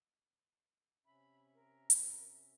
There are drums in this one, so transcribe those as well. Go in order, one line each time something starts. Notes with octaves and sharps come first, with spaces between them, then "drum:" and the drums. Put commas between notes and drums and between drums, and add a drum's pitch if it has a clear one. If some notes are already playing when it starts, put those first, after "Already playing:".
C3 C#4 E5 B5
A#4
drum: hi-hat